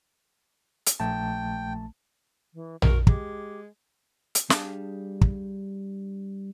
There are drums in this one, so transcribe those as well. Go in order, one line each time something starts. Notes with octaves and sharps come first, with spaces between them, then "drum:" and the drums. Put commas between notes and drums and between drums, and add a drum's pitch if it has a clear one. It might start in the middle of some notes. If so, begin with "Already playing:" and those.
drum: hi-hat
A#1 A3 G5 A5
E3
F#4 A#4, drum: tom A#1
G#3 G4, drum: kick
drum: hi-hat
G3 D4 G#4 F5 G#5 A5, drum: snare
drum: kick